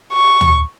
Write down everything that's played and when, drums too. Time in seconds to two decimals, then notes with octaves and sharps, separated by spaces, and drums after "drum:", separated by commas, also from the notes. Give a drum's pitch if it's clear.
0.13 C#6
0.41 drum: tom